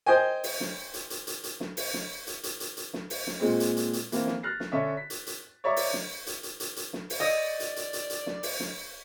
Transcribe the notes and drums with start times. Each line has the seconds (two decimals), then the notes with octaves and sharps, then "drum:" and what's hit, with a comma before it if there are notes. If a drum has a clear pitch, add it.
0.06 C5 D#5 G5 G#5
0.44 drum: open hi-hat
0.60 drum: snare
0.94 drum: hi-hat
1.10 drum: hi-hat
1.27 drum: hi-hat
1.43 drum: hi-hat
1.60 drum: snare
1.77 drum: open hi-hat
1.93 drum: snare
2.27 drum: hi-hat
2.43 drum: hi-hat
2.60 drum: hi-hat
2.77 drum: hi-hat
2.93 drum: snare
3.10 drum: open hi-hat
3.27 drum: snare
3.40 A#2 G#3 C4
3.60 drum: hi-hat
3.77 drum: hi-hat
3.93 drum: hi-hat
4.12 E3 A#3 C4, drum: hi-hat
4.27 drum: snare
4.43 F6 F#6 A6 A#6 C7
4.60 drum: snare
4.72 D3 C#4 E5
4.97 B6
5.10 drum: hi-hat
5.27 drum: hi-hat
5.64 C#5 D5 E5 A#5 C#6 D6
5.76 drum: open hi-hat
5.93 drum: snare
6.26 drum: hi-hat
6.43 drum: hi-hat
6.60 drum: hi-hat
6.76 drum: hi-hat
6.93 drum: snare
7.10 drum: open hi-hat
7.20 D5 D#5
7.60 drum: hi-hat
7.76 drum: hi-hat
7.93 drum: hi-hat
8.10 drum: hi-hat
8.26 drum: snare
8.43 drum: open hi-hat
8.60 drum: snare